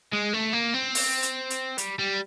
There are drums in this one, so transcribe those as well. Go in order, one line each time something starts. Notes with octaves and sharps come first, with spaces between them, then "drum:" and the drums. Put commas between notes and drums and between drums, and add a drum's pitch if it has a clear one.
G#3
A3
A#3
C4
drum: open hi-hat
drum: hi-hat
drum: hi-hat
G3, drum: hi-hat
G3